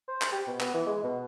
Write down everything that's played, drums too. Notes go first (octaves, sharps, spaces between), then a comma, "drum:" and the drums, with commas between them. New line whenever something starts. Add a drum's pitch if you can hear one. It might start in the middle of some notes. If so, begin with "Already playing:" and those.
C5
drum: clap
G4
B2
B3, drum: clap
E3
G#3
B2